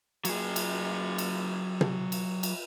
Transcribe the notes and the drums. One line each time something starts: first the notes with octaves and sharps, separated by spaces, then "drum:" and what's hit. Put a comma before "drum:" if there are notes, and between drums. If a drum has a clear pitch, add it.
F#3 G#4, drum: cymbal
drum: cymbal
drum: cymbal
drum: tom
drum: cymbal
drum: cymbal